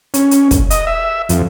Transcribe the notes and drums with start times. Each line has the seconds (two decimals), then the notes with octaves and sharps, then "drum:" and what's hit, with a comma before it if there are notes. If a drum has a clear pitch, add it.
0.14 C#4, drum: hi-hat
0.31 drum: hi-hat
0.51 drum: kick, hi-hat
0.70 D#5, drum: hi-hat
0.87 E5
1.29 F2, drum: hi-hat